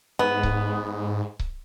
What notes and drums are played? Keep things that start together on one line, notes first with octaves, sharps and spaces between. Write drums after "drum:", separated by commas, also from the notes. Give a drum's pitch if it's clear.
G#2 B3
drum: kick C#1
drum: kick C#1